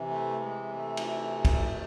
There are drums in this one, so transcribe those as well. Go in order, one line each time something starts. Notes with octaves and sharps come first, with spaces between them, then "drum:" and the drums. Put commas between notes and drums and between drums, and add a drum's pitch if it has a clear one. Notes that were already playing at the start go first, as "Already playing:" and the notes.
Already playing: C3 E3
A3
G#3
A3
drum: cymbal
drum: kick, cymbal
C3 D#3